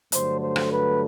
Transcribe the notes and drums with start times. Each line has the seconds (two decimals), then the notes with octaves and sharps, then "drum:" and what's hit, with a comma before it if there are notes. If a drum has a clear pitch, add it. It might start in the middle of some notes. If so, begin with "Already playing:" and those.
0.12 G2 D3 F#3 A3 C5, drum: hi-hat
0.41 C5
0.56 drum: rim click
0.70 B4